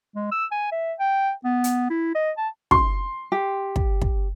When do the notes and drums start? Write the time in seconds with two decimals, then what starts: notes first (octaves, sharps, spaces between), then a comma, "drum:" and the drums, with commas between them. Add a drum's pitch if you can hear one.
0.15 G#3
0.32 E6
0.51 G#5
0.72 E5
0.99 G5
1.44 B3
1.64 drum: hi-hat
1.90 E4
2.15 D#5
2.37 A5
2.71 C6, drum: kick
3.32 G4
3.76 drum: kick
4.01 drum: kick